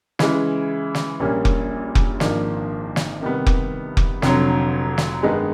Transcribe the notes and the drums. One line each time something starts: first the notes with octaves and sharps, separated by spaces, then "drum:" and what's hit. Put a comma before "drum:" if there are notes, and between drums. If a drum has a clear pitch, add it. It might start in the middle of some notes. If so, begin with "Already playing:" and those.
C#3 E3 G#3, drum: snare
drum: snare
A#1 A#2 G3 A#3 C#4
drum: kick F1
drum: kick F1
G#1 G#2 F3 A#3 D4, drum: snare
drum: snare
C3 D#3 G3 B3
drum: kick F1
drum: kick F1
F1 F2 D3 F#3, drum: snare
drum: snare
G2 D#3 G#3 B3 D#4